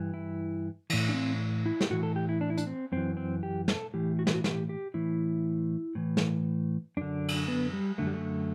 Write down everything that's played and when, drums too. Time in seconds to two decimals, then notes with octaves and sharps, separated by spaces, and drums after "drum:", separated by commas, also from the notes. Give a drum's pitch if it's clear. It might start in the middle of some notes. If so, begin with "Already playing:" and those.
Already playing: G2 E3
0.14 E4
0.90 A2 E3, drum: cymbal
1.09 D4
1.14 C4
1.66 E4
1.81 G4, drum: snare
1.90 A2 E3 F#4
2.03 A4
2.16 G4
2.29 E4
2.41 D4
2.50 E4
2.57 D4, drum: hi-hat
2.67 C4
2.92 F#2 E3 C4
3.17 C4
3.43 G4
3.68 A4, drum: snare
3.94 A2 E3 G4
4.19 F#4
4.27 G4, drum: snare
4.34 F#4
4.44 G4, drum: snare
4.69 G4
4.94 A2 E3 E4
5.95 A2 E3
6.17 drum: snare
6.97 F#2 D3 D4
7.28 drum: cymbal
7.48 B3
7.73 G3
7.98 F#2 D3 A3
8.07 G3
8.14 A3